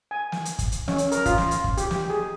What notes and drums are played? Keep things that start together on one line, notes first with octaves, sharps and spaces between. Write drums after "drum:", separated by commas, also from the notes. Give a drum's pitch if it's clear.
G#5
drum: snare
drum: hi-hat
drum: kick, hi-hat
drum: hi-hat
C#4, drum: snare
drum: hi-hat
A#4, drum: hi-hat
F4, drum: kick, hi-hat
drum: snare
drum: hi-hat
drum: kick
G4, drum: hi-hat
drum: snare
G#4